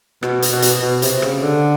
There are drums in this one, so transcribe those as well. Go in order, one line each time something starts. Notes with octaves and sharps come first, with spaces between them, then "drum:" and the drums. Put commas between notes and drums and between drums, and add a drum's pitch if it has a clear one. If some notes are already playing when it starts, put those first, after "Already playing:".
B2, drum: rim click
drum: hi-hat
B2
drum: hi-hat
B2
C3, drum: hi-hat
C#3, drum: rim click
D3